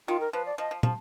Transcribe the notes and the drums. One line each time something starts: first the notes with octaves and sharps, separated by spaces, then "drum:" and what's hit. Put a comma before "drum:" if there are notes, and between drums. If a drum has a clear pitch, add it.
D#3 F4
A#4
F3 B4
D5
F3 D#5
F3
F3, drum: tom